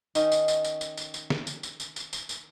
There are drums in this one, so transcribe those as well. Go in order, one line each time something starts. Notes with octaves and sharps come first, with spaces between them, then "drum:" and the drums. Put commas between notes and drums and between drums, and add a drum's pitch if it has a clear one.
D#3 C#4 D#4, drum: tambourine
drum: tambourine
drum: tambourine
drum: tambourine
drum: tambourine
drum: tambourine
drum: tambourine
drum: snare
drum: tambourine
drum: tambourine
drum: tambourine
drum: tambourine
drum: tambourine
drum: tambourine